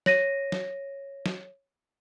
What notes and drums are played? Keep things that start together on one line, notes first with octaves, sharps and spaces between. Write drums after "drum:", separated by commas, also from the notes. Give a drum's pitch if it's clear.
C#5 A#6 D#7, drum: snare
drum: snare
drum: snare